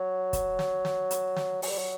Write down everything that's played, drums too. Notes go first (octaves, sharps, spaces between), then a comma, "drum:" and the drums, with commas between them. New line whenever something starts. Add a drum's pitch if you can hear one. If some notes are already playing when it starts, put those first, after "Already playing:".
Already playing: F#3
drum: kick, hi-hat
drum: snare
drum: snare
drum: hi-hat
drum: snare
F#3, drum: open hi-hat
G3
F#3